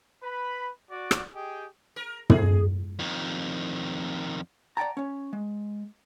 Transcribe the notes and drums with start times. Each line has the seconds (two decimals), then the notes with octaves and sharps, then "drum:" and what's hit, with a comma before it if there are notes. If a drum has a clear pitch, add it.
0.22 B4 B5
0.91 F#4 D5
1.11 drum: rim click
1.35 G4 G#4 D#5 G5
1.96 A#4
2.30 G#4, drum: tom
2.99 F2 D#3
4.77 D5 F#5 G5 A5 A#5
4.97 C#4 C#5
5.33 G#3